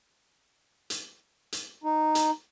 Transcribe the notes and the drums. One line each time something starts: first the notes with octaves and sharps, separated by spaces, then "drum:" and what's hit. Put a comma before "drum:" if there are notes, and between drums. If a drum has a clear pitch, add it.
drum: hi-hat
drum: hi-hat
D#4
drum: hi-hat